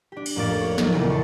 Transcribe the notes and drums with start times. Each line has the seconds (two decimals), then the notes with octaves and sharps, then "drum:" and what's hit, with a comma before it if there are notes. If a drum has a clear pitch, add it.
0.12 D4 G4
0.26 drum: cymbal
0.36 A1 F2 A#3 F5 D6 A6
0.61 D4 C#5
0.78 F3 F#3 D4 D#4 F4 A#4, drum: snare
0.92 A#1 E2 C#3 E4 A#5
1.09 A5 C6 C#6